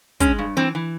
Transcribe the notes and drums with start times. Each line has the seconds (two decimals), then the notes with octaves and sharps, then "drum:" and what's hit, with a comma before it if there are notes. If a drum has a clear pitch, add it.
0.20 G#3 C#4, drum: kick, hi-hat
0.39 G2
0.57 E3 C4
0.75 E3